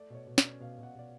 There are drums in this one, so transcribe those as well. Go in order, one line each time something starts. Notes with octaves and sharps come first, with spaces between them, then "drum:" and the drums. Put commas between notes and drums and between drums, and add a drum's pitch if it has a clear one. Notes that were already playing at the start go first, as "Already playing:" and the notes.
Already playing: A3 D5
B2 C#5
B2
D5, drum: snare
C#4
B2 F5
B2 F#5
B2 D5